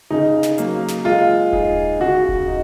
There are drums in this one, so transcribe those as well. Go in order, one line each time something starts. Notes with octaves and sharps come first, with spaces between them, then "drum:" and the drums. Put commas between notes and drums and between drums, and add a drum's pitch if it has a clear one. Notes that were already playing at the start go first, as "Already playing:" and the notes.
C#3 D#4
drum: snare
F#3 A#3, drum: hi-hat
drum: snare
G#3 F4
D#4 G#4, drum: kick D#1
C#3 F#4
drum: kick D#1
D#4